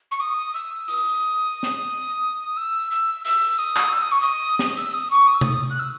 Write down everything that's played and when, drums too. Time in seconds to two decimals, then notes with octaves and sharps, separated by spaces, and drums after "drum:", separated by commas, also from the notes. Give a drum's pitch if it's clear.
0.11 C#6
0.20 D#6
0.54 E6
0.88 D#6, drum: open hi-hat
1.63 drum: snare
2.57 E6
2.91 E6
3.25 E6, drum: open hi-hat
3.58 D#6
3.76 drum: clap
3.92 E6
4.02 D#6
4.11 C#6
4.21 D#6
4.59 D#6, drum: snare
4.70 D#6
4.77 E6, drum: hi-hat
4.94 D#6
5.10 C#6
5.27 D#6
5.34 E6
5.41 D#6, drum: tom C3
5.70 F#6
5.79 E6